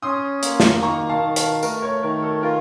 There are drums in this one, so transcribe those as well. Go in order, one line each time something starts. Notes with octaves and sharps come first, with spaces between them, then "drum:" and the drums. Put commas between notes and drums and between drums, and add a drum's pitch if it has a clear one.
C#4 C6 D#6
A#3, drum: hi-hat
drum: snare
D#3 A#5 C#6
F5 A5
D#3
F5 A5, drum: hi-hat
A3 A#4, drum: tambourine
A#4 C#5
D#3 A#4
A4
F4 A#4